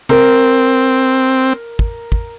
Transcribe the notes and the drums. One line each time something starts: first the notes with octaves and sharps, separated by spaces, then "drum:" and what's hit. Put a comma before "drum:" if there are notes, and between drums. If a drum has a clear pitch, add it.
C4 A#4, drum: tom C3
drum: kick
drum: kick